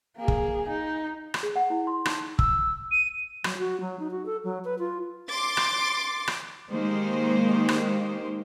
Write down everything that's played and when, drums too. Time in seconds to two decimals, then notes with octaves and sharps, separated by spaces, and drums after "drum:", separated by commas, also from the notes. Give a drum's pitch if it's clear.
0.17 A#3 G#4
0.28 drum: kick
0.69 D#4
1.34 drum: rim click
1.43 G#4
1.56 F#5
1.70 E4
1.87 C6
2.05 D#4, drum: rim click
2.39 E6, drum: kick
2.92 D#7
3.44 F#3, drum: rim click
3.58 F#4
3.81 F#3
3.99 D#4
4.11 F#4
4.26 A4
4.44 F#3
4.64 B4
4.79 F4
5.28 C6 D6 A6
5.57 drum: rim click
6.27 drum: rim click
6.70 D#3 G#3 A#3 D#4 G4 C5
7.69 drum: rim click